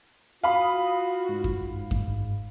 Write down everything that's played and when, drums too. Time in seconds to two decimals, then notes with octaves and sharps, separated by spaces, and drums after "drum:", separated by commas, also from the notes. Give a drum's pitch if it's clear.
0.44 F4 F#4 F5 B5 D#6
1.29 G#2
1.44 drum: kick F#2
1.91 drum: kick F#2